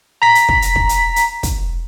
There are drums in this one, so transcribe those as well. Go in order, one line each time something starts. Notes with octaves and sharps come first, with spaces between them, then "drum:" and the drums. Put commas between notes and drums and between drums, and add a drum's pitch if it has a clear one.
A#5 B6
drum: hi-hat
drum: kick
drum: hi-hat
drum: kick
drum: hi-hat
drum: hi-hat
drum: kick, hi-hat